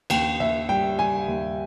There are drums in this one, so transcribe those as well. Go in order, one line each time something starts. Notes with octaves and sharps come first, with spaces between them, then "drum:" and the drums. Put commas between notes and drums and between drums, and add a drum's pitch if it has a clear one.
D#2 G5, drum: cymbal
D#2 E5
G3 G5
G3 G#5
D#2